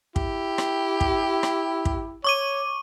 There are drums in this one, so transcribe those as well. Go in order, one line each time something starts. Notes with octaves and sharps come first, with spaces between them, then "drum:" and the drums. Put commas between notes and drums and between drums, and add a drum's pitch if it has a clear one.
E4 G4, drum: kick
drum: rim click
drum: kick
drum: rim click
drum: kick
C#5 C#6 D6 D#7